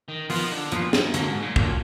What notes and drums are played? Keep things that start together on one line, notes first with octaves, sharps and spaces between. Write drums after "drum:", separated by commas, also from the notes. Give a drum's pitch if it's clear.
D#3
D#3 F3 B3 F4, drum: open hi-hat
D3
A#2 F3 B3 F4, drum: hi-hat
F#2, drum: snare
G#2 D3 F#3 A#3, drum: hi-hat
G#2
A#2
A#2 D3 F#3 A#3, drum: kick